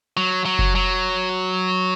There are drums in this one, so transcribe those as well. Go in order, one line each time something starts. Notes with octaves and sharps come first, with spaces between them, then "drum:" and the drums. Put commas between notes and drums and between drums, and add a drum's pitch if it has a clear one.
F#3
F#3
drum: kick F#1
F#3